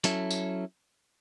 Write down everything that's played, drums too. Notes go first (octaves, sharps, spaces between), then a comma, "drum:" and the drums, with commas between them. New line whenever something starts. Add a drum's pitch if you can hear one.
F#3 C#4 E4 A4, drum: hi-hat
drum: tambourine